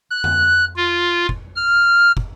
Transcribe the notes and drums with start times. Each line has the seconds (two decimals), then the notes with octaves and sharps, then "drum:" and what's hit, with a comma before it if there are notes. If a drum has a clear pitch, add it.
0.10 F#6
0.24 drum: tom F2
0.77 F4
1.29 drum: kick
1.56 F6
2.17 drum: kick